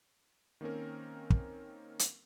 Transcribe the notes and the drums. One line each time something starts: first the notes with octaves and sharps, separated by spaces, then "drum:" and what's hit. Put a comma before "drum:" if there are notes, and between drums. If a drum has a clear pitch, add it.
D#3 A#3 C4 C#4 A#4
drum: kick
drum: hi-hat